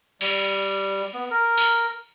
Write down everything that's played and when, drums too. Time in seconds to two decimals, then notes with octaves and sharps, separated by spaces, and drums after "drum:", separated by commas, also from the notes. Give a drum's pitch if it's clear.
0.21 G3, drum: cymbal
1.14 B3
1.31 A#4
1.58 drum: open hi-hat